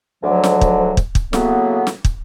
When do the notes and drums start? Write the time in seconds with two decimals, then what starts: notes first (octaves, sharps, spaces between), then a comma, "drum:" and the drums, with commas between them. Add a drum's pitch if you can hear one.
0.23 D2 G#2 D3 F3 F#3
0.44 drum: snare
0.61 drum: kick
0.97 drum: kick
1.15 drum: kick
1.33 A2 C#3 F#3 A#3 B3, drum: snare
1.87 drum: snare
2.05 drum: kick